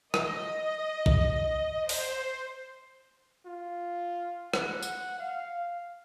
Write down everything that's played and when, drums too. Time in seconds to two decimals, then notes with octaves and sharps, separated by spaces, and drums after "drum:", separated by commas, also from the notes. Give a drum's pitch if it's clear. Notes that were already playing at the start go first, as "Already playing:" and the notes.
0.14 D#5, drum: rim click
1.06 drum: kick
1.89 C5, drum: open hi-hat
3.46 F4
4.54 F#5, drum: rim click
4.83 drum: tambourine
5.19 F5